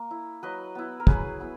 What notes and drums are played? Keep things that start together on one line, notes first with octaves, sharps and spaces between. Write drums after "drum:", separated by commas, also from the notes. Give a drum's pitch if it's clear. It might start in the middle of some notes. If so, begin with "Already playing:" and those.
Already playing: A#3
E4
F#3 B4 D#5
B3 E4
A#4
F#3 G#4 B4, drum: kick
B3 E4